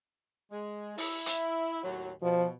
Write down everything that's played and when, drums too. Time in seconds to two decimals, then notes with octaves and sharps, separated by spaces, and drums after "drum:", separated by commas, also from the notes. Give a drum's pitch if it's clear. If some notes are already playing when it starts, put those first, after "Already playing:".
0.51 G#3
0.98 E4, drum: open hi-hat
1.26 drum: hi-hat
1.83 D#2 A2 F#3
2.22 B2 F3